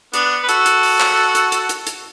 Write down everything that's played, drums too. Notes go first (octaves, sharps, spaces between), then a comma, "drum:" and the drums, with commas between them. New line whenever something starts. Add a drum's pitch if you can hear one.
B3 D4, drum: hi-hat
B4
F#4 A4, drum: hi-hat
drum: hi-hat
drum: open hi-hat
drum: clap
drum: hi-hat
drum: hi-hat
drum: hi-hat
drum: hi-hat